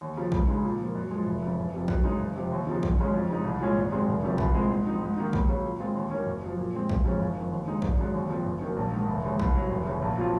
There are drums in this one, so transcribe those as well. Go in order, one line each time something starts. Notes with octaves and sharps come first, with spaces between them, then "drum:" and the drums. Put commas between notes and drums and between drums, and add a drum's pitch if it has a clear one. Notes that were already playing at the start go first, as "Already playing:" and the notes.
D#2
C#3 F3
C#2, drum: kick
C#3 G#3 D#4
A#2
F3 A#3
F#2
F3 G#3
F1
F2 C#3
F#1
F2 C3
F#2, drum: kick
C#3 G#3 D#4
F#1
F2 C3
D#2
C#3 F3 C4 D#4
G#1, drum: kick
F#2 C#3 G#3 C#4
F2
C#3 G#3 D#4
C2
A#2 G#3 C#4
G#1
F#2 C#3 G#3 C4
F1
F2 C3 D#3 F#3
C2, drum: kick
A#2 G#3 C4
G#2
F3 C4 D#4
G#2
D#3 A#3 D#4
C#2, drum: kick
C#3 F#3
A#2
G#3 C4 F4
D#2
D#3 F#3 A#3 C#4
F#1
F#2 F3
A#2
F3 G#3 C4
F#1, drum: kick
F2 C#3 G#3 C#4
F#1
F2 D#3
D#2
C#3 G#3 D#4
G#1, drum: kick
F#2 C#3 G#3
D#2
C#3 F3 C4
F#1
F#2 D#3 A#3
A#1
G#2 D#3
F1
D#2 C#3 G#3
C2, drum: kick
C3 F#3
F1
D#2 C#3
A#1
A#2 F#3 C4 F4